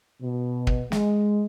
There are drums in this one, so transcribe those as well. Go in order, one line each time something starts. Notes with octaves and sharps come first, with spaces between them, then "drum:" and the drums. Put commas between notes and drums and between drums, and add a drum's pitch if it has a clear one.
B2
drum: kick
G#3, drum: snare